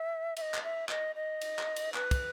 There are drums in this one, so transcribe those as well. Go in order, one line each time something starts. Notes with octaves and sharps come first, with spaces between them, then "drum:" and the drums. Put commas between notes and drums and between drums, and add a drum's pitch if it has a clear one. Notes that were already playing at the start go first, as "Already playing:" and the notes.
Already playing: E5
E5, drum: cymbal
D#5
drum: clap
E5
D#5, drum: clap
D#5
drum: cymbal
drum: clap
drum: cymbal
B4, drum: clap
drum: kick, cymbal